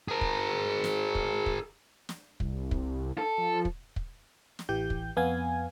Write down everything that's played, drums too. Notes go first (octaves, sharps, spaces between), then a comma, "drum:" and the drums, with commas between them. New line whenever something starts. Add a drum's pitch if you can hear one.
G#4 A#4
drum: kick
drum: snare
drum: kick
drum: kick
drum: snare
C2, drum: kick
drum: kick
A4
F3
drum: kick
drum: kick
drum: snare
A1 E3 G4 G6
drum: kick
F2 B3 F5 G#5 G#6